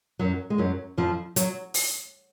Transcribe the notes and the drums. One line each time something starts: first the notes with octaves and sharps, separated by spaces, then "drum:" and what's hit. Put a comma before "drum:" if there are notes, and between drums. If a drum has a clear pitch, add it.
F#2 F#3
G#3
F#2 F#3
F2 F3
F#3, drum: hi-hat
drum: open hi-hat